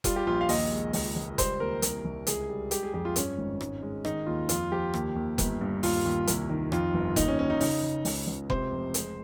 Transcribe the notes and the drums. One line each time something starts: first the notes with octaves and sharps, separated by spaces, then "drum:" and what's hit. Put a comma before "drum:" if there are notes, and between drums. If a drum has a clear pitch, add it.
G3 F4, drum: kick F1, hi-hat
G4
A#1 F4
F5
D#2 D#5, drum: open hi-hat
G#3
C#2, drum: open hi-hat
C#2
G3 C5, drum: kick F1, hi-hat
D#2 A#4
C2, drum: hi-hat
C2
C#2 G#4, drum: hi-hat
G3
G#3 G4, drum: hi-hat
G#4
F2 G4
F4
G2 C#4, drum: hi-hat
G#1
G#2, drum: rim click
G#3
D#3 D#4, drum: rim click
D#2 F4
F2 F4, drum: hi-hat
F3 G4
D#2, drum: rim click
D#2
G1, drum: kick F1, hi-hat
G2
D#2 F4, drum: open hi-hat
D#2
C2, drum: hi-hat
D#3
F2 F4, drum: rim click
G1
D#2 D#4, drum: kick F1, hi-hat
C#4
D#2 C#4
D#4
C#3 D#4, drum: open hi-hat
C#3
C#2, drum: open hi-hat
C#2
C3 C5, drum: kick F1
F1
G#3, drum: hi-hat